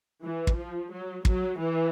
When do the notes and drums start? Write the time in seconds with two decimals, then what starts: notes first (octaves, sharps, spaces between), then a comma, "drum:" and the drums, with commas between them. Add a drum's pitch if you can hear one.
0.22 E3
0.47 drum: kick
0.57 F3
0.91 F#3
1.25 F#3, drum: kick
1.59 E3